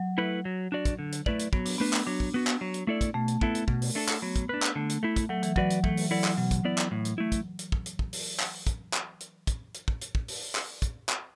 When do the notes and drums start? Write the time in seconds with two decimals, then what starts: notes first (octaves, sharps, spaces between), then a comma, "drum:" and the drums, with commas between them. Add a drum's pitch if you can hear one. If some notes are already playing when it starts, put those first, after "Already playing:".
Already playing: F#3
0.18 A3 E4 B4
0.45 F#3
0.72 D4 F#4 D5
0.85 drum: kick, hi-hat
0.99 D3
1.12 drum: hi-hat
1.26 A3 E4 B4 D5, drum: kick
1.39 drum: hi-hat
1.53 F#3 B3, drum: kick
1.65 D4, drum: open hi-hat
1.78 A3 B3 D4 B4
1.93 drum: clap
2.07 F#3 D4
2.20 drum: kick
2.34 B3 F#4
2.47 drum: clap
2.61 F#3
2.74 drum: hi-hat
2.87 A3 E4 A4 D5
3.01 drum: kick, hi-hat
3.14 B2 A3
3.28 drum: hi-hat
3.41 B3 E4 A4, drum: kick
3.55 drum: hi-hat
3.68 B2, drum: kick
3.82 drum: open hi-hat
3.95 A3 D4 A4
4.09 drum: clap
4.22 F#3 B3
4.36 drum: kick, hi-hat
4.49 D4 B4
4.63 drum: clap
4.75 D3 A3
4.89 drum: hi-hat
5.03 A3 E4
5.16 drum: kick, hi-hat
5.29 F#3 A3
5.43 E3, drum: hi-hat
5.56 F#3 F#4 B4 D5, drum: kick
5.70 drum: hi-hat
5.84 E3 A3, drum: kick
5.97 drum: open hi-hat
6.11 F#3 E4 A4 D5
6.24 drum: clap
6.37 B2 F#3
6.51 drum: kick, hi-hat
6.65 B3 E4 D5
6.78 drum: clap
6.91 A2
7.05 drum: hi-hat
7.18 A3 E4
7.32 drum: kick, hi-hat
7.59 drum: hi-hat
7.72 drum: kick
7.86 drum: hi-hat
7.99 drum: kick
8.13 drum: open hi-hat
8.40 drum: clap
8.67 drum: kick, hi-hat
8.94 drum: clap
9.20 drum: hi-hat
9.47 drum: kick, hi-hat
9.74 drum: hi-hat
9.88 drum: kick
10.01 drum: hi-hat
10.15 drum: kick
10.28 drum: open hi-hat
10.55 drum: clap
10.82 drum: kick, hi-hat
11.09 drum: clap